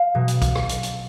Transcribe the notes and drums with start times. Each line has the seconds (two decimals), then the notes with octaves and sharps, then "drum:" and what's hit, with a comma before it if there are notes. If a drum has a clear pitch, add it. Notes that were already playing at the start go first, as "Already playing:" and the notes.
Already playing: F5
0.15 B2 F#3
0.28 drum: hi-hat
0.42 drum: kick, hi-hat
0.55 drum: rim click
0.69 drum: hi-hat
0.83 drum: hi-hat